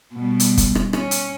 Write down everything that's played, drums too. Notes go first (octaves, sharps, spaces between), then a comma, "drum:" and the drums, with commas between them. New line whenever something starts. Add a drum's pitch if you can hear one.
B2 G3
drum: hi-hat
drum: kick, hi-hat
drum: rim click
C#4, drum: rim click
drum: hi-hat